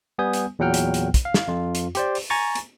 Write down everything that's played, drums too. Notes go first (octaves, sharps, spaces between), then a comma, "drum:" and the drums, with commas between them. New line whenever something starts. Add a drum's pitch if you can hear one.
G3 B3 G#5 D#6 G6
drum: hi-hat
E2 A#2 F#3 F#5 G5 F6
drum: hi-hat
drum: hi-hat
drum: kick, hi-hat
F5
drum: snare
F2 F4
drum: hi-hat
G4 C5 D5, drum: hi-hat
drum: open hi-hat
G#5 A#5 C#6 A6
drum: hi-hat